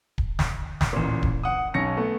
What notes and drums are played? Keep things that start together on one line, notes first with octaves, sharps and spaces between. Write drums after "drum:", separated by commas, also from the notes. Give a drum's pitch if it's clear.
drum: kick D1
drum: snare
drum: snare
A1 A#2
drum: kick D1
F#5 D#6
B1 C#4 A#6 C#7
A3 B3